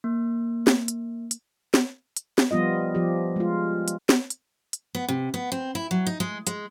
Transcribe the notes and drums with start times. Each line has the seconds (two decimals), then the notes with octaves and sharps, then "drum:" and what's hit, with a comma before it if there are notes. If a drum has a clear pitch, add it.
0.04 A#3
0.67 drum: snare
0.88 drum: hi-hat
1.31 drum: hi-hat
1.74 drum: snare
2.17 drum: hi-hat
2.38 drum: snare
2.51 F3 G3 B3 F4 D#5
2.95 F3 G4
3.36 G#3 F4
3.88 drum: hi-hat
4.09 drum: snare
4.30 drum: hi-hat
4.73 drum: hi-hat
4.95 B3
5.09 C3
5.34 B3
5.52 C4
5.75 E4
5.91 F#3
6.07 D#4
6.20 G#3
6.47 G#3, drum: hi-hat